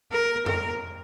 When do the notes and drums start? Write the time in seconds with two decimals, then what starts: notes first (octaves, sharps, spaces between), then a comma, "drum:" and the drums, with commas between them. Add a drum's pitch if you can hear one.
0.12 A#4
0.46 A#4, drum: tom F2